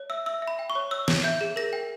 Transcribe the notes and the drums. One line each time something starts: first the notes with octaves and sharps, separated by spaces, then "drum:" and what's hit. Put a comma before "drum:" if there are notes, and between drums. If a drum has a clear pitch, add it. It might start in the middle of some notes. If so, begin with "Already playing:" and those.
Already playing: C#5
E5 E6
E5 E6
E5
B5
G5
C#6
C#5
C#5 E6
C#5, drum: snare
E5 G6
G#4
A#4 A#6
G5